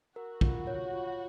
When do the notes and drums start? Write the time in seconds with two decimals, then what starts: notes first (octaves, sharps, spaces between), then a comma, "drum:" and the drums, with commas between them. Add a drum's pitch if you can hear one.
0.16 F#4 A#4
0.41 F4, drum: kick
0.67 C#5
0.93 F4